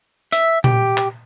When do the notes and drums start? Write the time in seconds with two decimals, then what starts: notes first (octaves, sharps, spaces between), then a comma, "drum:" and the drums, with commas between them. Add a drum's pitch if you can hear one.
0.32 E5, drum: hi-hat
0.64 G4, drum: tom A#2
0.98 drum: clap